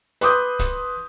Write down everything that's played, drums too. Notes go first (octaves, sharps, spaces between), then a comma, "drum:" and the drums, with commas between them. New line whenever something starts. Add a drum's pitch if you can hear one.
B4 C6 D6 D#6 G6, drum: hi-hat
drum: kick C#1, hi-hat